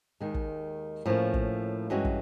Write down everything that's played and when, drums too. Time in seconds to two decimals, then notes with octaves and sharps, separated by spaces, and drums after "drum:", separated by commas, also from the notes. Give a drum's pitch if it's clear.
0.20 D#2 D#3 G#3
0.34 drum: kick
1.06 A2 F3 A#3 C#4
1.34 drum: kick
1.90 G2 E3 G#3 C#4 F#4
2.05 drum: kick